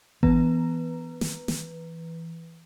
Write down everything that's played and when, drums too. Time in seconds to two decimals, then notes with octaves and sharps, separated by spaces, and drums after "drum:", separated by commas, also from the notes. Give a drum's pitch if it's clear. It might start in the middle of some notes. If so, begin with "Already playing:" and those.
0.23 E3 B3 B4 A#5, drum: kick G#1
1.21 drum: snare
1.48 drum: snare